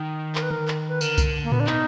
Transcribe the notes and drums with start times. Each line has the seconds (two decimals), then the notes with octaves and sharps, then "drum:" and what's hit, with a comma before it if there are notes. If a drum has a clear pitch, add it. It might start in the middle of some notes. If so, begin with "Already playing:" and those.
Already playing: D#3
0.35 A#4, drum: clap
0.42 B4
0.51 A#4, drum: tom D3
0.68 drum: clap
0.89 B4
1.01 D3 A#4, drum: tambourine
1.18 drum: kick C2, tambourine
1.43 A#3
1.52 B3, drum: tom A2
1.60 D4
1.67 B2 D#4, drum: clap